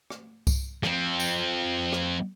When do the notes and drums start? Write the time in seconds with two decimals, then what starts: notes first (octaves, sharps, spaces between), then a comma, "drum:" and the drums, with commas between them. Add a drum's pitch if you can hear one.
0.10 drum: rim click
0.47 drum: kick C2, tambourine
0.83 F3 C4, drum: rim click
1.20 drum: tambourine
1.92 drum: rim click